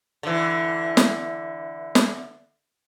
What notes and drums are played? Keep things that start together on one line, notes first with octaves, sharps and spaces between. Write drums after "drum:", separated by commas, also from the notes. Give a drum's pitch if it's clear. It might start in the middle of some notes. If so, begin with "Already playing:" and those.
D3 E3
drum: snare
drum: snare